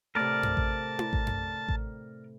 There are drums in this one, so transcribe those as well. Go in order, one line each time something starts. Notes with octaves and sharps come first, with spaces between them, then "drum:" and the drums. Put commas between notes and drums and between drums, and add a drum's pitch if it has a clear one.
A2 C3 A#4 D5 A5
drum: tom F#2
drum: kick A1
drum: tom E4
drum: kick A1
drum: tom F#2
drum: kick A1